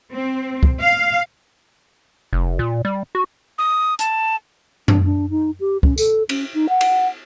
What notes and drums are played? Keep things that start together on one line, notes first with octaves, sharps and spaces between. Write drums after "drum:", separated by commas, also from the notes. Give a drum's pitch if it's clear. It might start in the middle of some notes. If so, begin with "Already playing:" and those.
C4
drum: kick
F5
F1
A#2
G3
F#4
D#6
A5, drum: hi-hat
D4, drum: tom F#2
D4
D#4
G4
C#4, drum: kick
A4, drum: tambourine
C#4, drum: cymbal
D#4
F#5
drum: cymbal